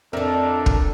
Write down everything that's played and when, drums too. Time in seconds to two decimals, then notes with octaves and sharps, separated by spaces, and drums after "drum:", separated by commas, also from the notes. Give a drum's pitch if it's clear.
0.13 F2 D3 C4 D4 A4 A#4 E5
0.66 drum: kick